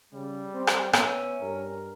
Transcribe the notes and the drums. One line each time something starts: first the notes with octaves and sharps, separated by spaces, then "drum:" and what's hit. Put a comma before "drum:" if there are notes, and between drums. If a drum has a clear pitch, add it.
C#3 G3
C4
drum: rim click
B3 C#4 E5, drum: rim click
G2 A#4